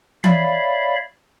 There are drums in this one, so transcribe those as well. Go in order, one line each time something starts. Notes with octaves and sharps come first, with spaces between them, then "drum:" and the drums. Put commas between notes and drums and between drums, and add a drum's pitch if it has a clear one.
C#5 D5 E5 F5 B5, drum: tom E3